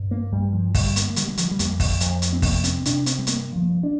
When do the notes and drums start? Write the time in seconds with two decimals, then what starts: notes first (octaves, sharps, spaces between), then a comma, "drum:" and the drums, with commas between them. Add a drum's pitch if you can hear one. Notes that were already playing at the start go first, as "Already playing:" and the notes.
Already playing: G2
0.11 A#3
0.32 G2 G3
0.53 F3
0.75 D3 G3, drum: kick, open hi-hat
0.96 A#3, drum: hi-hat
1.10 A#3
1.16 D3 G3, drum: hi-hat
1.28 G3
1.37 F3, drum: hi-hat
1.51 G3
1.59 F2 A#3, drum: hi-hat
1.80 drum: kick, open hi-hat
2.00 F2, drum: hi-hat
2.22 drum: hi-hat
2.33 C4
2.42 C3 A#3, drum: kick, open hi-hat
2.64 C4, drum: hi-hat
2.85 C3 D4, drum: hi-hat
3.06 C4, drum: hi-hat
3.19 G3
3.27 G2 A#3, drum: hi-hat
3.55 F3
3.69 G2
3.83 D4